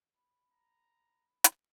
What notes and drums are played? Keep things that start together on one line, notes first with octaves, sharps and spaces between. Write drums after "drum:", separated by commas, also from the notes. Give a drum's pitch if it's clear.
B5
A#5
drum: hi-hat